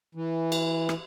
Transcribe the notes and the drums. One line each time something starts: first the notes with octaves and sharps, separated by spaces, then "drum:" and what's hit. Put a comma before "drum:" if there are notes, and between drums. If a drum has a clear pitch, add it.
E3
drum: cymbal
drum: rim click